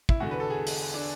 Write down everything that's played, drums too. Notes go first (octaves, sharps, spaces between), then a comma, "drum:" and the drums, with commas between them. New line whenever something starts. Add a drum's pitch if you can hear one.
E4, drum: kick
E2 D3 F#4
B4
A4
G#4
drum: open hi-hat
D4